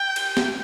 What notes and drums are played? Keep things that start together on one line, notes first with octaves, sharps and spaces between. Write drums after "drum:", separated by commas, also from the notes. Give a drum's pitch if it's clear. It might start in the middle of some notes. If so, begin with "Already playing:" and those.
Already playing: G5
drum: cymbal
drum: snare